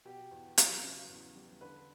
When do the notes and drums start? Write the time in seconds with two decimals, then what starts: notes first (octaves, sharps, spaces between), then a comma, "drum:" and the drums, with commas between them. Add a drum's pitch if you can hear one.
0.05 B2 G4
0.31 E2
0.58 F#3, drum: hi-hat
0.83 C#3
1.09 E2
1.36 G3
1.61 D3 B4